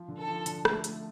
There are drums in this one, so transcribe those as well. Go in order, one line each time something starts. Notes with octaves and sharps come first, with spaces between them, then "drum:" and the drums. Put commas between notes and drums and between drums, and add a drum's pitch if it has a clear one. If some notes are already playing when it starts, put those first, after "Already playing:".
Already playing: F3
D3
A4
F3
D3, drum: hi-hat
A3, drum: rim click
A3, drum: hi-hat